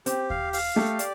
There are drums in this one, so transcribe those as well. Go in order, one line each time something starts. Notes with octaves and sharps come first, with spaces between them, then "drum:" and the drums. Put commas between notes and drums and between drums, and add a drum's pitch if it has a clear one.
C4 G4, drum: hi-hat
F5, drum: kick D#2
F5, drum: open hi-hat
A3 G4 A4
D5, drum: hi-hat